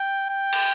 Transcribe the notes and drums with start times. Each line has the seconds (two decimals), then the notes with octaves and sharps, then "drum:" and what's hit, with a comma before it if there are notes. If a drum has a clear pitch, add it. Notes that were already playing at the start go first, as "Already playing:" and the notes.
Already playing: G5
0.30 G5
0.53 drum: cymbal